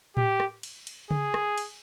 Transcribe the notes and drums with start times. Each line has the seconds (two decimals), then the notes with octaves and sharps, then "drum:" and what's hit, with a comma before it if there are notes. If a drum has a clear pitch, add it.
0.17 G4, drum: tom A2
0.40 drum: rim click
0.63 drum: cymbal
0.87 drum: cymbal
1.11 G#4, drum: tom C#3
1.34 drum: rim click
1.58 drum: cymbal